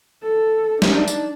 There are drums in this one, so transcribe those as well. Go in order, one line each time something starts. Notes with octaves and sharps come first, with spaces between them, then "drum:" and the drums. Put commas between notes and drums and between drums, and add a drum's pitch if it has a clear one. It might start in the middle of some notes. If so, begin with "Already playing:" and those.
A4
D4 D#4, drum: snare
drum: tambourine